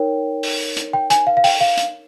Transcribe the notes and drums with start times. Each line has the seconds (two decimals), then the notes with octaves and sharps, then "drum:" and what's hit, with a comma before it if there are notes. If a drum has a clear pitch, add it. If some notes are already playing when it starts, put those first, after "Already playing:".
Already playing: D#4 A#4 C#5 G5
0.43 drum: open hi-hat
0.77 drum: hi-hat
0.93 G5
1.10 G#5, drum: hi-hat
1.27 F5
1.37 F5
1.44 G5, drum: open hi-hat
1.61 F5
1.78 drum: hi-hat